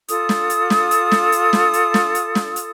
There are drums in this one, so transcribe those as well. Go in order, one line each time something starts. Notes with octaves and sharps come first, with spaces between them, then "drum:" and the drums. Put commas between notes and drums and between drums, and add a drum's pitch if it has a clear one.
F4 A4 D#6, drum: hi-hat
drum: snare
drum: hi-hat
drum: snare
drum: hi-hat
drum: snare
drum: hi-hat
drum: snare
drum: hi-hat
drum: snare
drum: hi-hat
drum: snare
drum: hi-hat